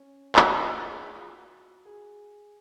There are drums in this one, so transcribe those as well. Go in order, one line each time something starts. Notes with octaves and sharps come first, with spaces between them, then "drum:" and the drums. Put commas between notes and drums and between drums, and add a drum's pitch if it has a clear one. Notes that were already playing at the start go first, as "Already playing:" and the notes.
Already playing: C#4
drum: clap
D#4
F4
G#4
F4
F#4
G#4